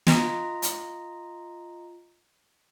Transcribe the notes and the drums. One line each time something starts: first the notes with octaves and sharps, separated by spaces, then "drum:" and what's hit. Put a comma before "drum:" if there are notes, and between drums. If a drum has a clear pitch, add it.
F4 D#5 A#5, drum: snare
drum: hi-hat